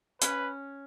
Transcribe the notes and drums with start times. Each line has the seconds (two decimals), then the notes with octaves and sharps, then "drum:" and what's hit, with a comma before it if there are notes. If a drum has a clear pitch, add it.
0.22 C#4 B4, drum: hi-hat